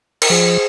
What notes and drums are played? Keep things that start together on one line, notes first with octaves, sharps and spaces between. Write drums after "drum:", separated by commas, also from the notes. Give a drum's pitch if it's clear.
A#4, drum: cymbal
F3 G#4 C5